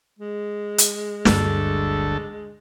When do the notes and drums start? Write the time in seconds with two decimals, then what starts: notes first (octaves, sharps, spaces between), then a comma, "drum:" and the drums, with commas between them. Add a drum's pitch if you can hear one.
0.19 G#3
0.78 drum: hi-hat
1.25 G1 D2 G2 A4, drum: snare